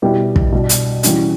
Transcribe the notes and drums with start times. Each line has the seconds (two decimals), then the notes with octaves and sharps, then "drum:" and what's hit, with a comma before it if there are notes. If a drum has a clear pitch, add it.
0.02 B2 G3 B3 E4 G4
0.36 drum: kick
0.52 B2 G3 D4
0.69 drum: hi-hat
1.03 E3 G3 C#4 F#4, drum: hi-hat